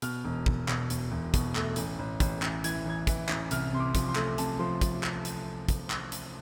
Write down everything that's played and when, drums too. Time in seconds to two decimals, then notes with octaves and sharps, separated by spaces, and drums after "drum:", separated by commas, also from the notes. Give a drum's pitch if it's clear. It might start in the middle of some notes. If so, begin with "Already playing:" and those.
0.02 B2 F6, drum: hi-hat
0.24 E1
0.46 E1, drum: kick
0.68 B2, drum: clap
0.90 E1, drum: hi-hat
1.11 E1
1.34 B2, drum: kick, hi-hat
1.55 A3, drum: clap
1.76 A1, drum: hi-hat
1.99 A1
2.20 A1, drum: kick, hi-hat
2.42 A1, drum: clap
2.64 E3 G#6, drum: hi-hat
2.86 A1 G#6
3.07 E3, drum: kick, hi-hat
3.29 A1, drum: clap
3.51 C2 F6, drum: hi-hat
3.73 C3 C6
3.80 D6
3.95 F3, drum: kick, hi-hat
4.08 C6
4.16 A3, drum: clap
4.38 C3 A5, drum: hi-hat
4.59 F3 C6
4.81 drum: kick, hi-hat
5.03 drum: clap
5.25 drum: hi-hat
5.69 drum: kick, hi-hat
5.90 drum: clap
6.12 drum: hi-hat